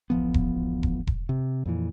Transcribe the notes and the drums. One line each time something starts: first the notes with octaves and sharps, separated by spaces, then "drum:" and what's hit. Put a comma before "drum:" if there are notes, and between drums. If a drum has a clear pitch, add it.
D1 A1 F3 B3
drum: kick E1
drum: kick E1
drum: kick E1
C3
F2 A#2 E3